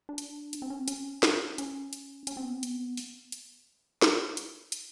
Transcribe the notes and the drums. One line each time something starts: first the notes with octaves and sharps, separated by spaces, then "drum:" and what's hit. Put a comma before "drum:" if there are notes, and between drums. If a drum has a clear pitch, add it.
D4
drum: hi-hat
drum: hi-hat
C4
C#4
C4
C#4, drum: hi-hat
drum: snare
C#4, drum: hi-hat
drum: hi-hat
C#4, drum: hi-hat
C4
B3
C4
B3, drum: hi-hat
drum: open hi-hat
drum: hi-hat
drum: snare
drum: hi-hat
drum: hi-hat